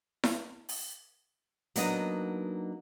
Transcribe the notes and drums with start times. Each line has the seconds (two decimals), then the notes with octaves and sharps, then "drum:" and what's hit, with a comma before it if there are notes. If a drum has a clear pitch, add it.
0.24 drum: snare E4
0.69 drum: open hi-hat
1.76 F#3 A#3 B3 D4 D#4 D#5, drum: hi-hat